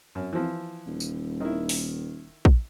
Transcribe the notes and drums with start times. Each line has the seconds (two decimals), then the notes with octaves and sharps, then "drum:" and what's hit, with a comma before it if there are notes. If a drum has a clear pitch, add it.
0.15 F#2
0.33 E3 F3
0.86 D#1
1.00 drum: tambourine
1.41 D#3 E4
1.69 drum: open hi-hat
2.45 drum: kick